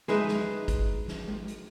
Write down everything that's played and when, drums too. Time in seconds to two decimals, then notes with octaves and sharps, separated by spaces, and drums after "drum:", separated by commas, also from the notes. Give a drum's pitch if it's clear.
0.08 G#3 D#4 B4 E5, drum: snare
0.28 drum: snare
0.68 drum: kick G#1, hi-hat
1.08 drum: snare
1.28 drum: tom G#3
1.48 drum: hi-hat